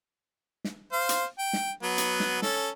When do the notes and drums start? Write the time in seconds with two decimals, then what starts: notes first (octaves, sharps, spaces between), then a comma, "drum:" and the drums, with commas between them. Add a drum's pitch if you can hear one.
0.64 drum: snare
0.92 C5 F5
1.09 drum: hi-hat
1.38 G5
1.53 drum: snare
1.83 F#3 B3
1.98 drum: hi-hat
2.20 drum: snare
2.42 C#4 A4, drum: snare